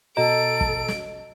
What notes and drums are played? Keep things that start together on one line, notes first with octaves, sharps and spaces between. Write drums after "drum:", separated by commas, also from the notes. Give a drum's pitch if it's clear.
B2 F#4 A4 D#5 A#5 D7
drum: kick
drum: snare